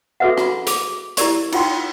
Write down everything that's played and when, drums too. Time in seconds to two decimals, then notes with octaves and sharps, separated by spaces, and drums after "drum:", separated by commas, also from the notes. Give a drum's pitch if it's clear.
0.20 F#4 G#4 A4 B4 E5 F#5
0.38 drum: rim click
0.67 G#4 D6, drum: hi-hat
1.17 E4 G4 A#4 D5 C#6, drum: hi-hat
1.52 D#4 F4 F#5 G5 C6, drum: cymbal